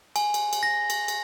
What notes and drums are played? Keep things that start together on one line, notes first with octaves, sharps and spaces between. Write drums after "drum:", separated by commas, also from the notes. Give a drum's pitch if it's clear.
G#5, drum: cymbal
drum: cymbal
drum: cymbal
A#6
drum: cymbal
drum: cymbal